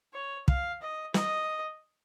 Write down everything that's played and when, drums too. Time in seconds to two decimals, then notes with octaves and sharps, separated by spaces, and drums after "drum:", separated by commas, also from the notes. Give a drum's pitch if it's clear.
0.13 C#5
0.48 F5, drum: kick
0.82 D#5
1.14 D#5, drum: snare